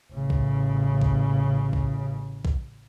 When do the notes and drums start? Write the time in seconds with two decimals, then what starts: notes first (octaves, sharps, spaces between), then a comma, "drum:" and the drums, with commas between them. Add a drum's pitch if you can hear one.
0.12 A1 C#3
0.30 drum: kick A#1
1.02 drum: kick A#1
1.73 drum: kick A#1
2.45 drum: kick A#1